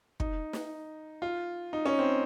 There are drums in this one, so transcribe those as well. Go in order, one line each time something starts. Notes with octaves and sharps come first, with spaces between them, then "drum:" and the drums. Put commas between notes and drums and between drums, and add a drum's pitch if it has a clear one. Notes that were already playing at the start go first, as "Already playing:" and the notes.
D#4, drum: kick
drum: snare
F4
D#4
C#4
C4